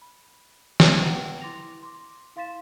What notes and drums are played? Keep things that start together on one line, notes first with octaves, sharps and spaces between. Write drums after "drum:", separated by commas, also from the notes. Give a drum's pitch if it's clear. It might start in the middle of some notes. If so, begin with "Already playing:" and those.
B5
drum: snare
B4 E5 F#5 G5 A#5
E4 C6 D6 A6 A#6 F7
C6 D6
E4 F5 C6 A6 B6 E7